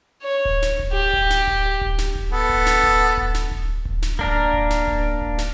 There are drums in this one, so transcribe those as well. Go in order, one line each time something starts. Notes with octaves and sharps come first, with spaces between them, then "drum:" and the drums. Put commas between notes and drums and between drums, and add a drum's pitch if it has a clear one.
C#5
drum: kick D1
drum: snare
drum: kick D1
G4
drum: kick D1
drum: snare
drum: kick D1
drum: kick D1
drum: snare
drum: kick D1
B3 A4
drum: kick D1
drum: snare
drum: kick D1
drum: kick D1
drum: snare
drum: kick D1
drum: kick D1
drum: snare
A#3 D4 A#4, drum: kick D1
drum: kick D1
drum: snare
drum: kick D1
drum: kick D1
drum: snare